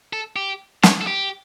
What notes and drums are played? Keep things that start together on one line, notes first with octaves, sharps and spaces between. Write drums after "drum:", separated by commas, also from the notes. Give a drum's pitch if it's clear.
A4
G4
C#5, drum: snare
A4
G4